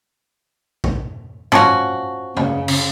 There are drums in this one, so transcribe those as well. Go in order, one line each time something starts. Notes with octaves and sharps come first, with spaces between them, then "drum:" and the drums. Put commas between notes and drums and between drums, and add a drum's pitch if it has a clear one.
drum: kick
F3 C#4 F#4, drum: tom G2
C#3, drum: tom F#2
drum: cymbal